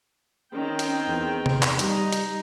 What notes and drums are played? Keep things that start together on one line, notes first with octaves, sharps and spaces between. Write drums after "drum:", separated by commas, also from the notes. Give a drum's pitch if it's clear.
D#3 C4 C#4 G5
drum: hi-hat
E2
drum: tom C3
drum: clap
G3 D#4, drum: hi-hat
drum: hi-hat